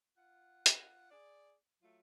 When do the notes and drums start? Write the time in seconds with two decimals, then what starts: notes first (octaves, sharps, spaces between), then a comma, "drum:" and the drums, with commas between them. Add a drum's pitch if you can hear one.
0.17 F4 F#5
0.66 drum: hi-hat
1.10 G#4 D5
1.82 F#3 A3 F4